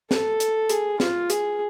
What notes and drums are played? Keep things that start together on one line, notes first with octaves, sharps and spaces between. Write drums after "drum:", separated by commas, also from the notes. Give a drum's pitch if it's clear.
A4, drum: snare
drum: hi-hat
G#4, drum: hi-hat
F4, drum: snare
G#4, drum: hi-hat